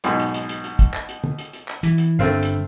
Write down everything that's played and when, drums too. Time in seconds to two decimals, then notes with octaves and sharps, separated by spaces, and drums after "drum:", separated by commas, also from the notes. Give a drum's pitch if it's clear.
0.04 B1 G#2 B2, drum: hi-hat
0.19 drum: hi-hat
0.34 drum: hi-hat
0.49 drum: hi-hat
0.64 drum: hi-hat
0.79 drum: kick, hi-hat
0.94 drum: clap
1.09 drum: hi-hat
1.24 drum: tom
1.39 drum: hi-hat
1.53 drum: hi-hat
1.68 drum: clap
1.83 E3, drum: hi-hat
1.98 drum: hi-hat
2.19 G2 D3 A3 C4 F5
2.43 drum: hi-hat